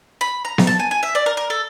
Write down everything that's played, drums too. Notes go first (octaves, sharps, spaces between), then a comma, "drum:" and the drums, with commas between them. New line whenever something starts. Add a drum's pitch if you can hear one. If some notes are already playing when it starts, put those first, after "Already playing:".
B5
A#5
drum: snare B3
A5
G#5
G#5
E5
D5
A#4
A#4
A4